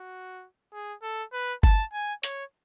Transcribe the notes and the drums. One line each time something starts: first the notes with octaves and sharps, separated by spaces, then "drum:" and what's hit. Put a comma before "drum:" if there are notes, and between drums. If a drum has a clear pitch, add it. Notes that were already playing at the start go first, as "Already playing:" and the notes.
Already playing: F#4
G#4
A4
B4
A5, drum: kick G1
G#5
C#5, drum: hi-hat